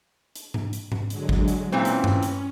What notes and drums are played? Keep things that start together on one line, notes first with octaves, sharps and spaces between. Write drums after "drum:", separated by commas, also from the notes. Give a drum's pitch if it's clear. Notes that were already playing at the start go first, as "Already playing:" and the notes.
drum: hi-hat
drum: tom G#2
drum: hi-hat
drum: tom G#2
D3 F#3 G#3, drum: hi-hat
drum: kick G1
drum: hi-hat
A#2 E3 C4 C#4
drum: hi-hat
drum: tom G2
drum: hi-hat